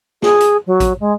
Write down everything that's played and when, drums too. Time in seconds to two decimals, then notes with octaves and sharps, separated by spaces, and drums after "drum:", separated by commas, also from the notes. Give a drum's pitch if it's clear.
0.22 G#4, drum: snare
0.40 drum: hi-hat
0.67 F#3
0.80 drum: kick A1, hi-hat
1.00 G#3